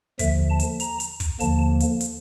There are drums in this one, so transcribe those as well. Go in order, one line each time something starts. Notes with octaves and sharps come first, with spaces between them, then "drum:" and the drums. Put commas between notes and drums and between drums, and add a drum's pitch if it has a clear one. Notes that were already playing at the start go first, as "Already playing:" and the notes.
D#2 D3 F3 E5, drum: kick, hi-hat
A5
drum: hi-hat
A#5, drum: hi-hat
drum: hi-hat
drum: kick, hi-hat
D#2 D3 F3 A#3 A5, drum: hi-hat
drum: hi-hat
drum: hi-hat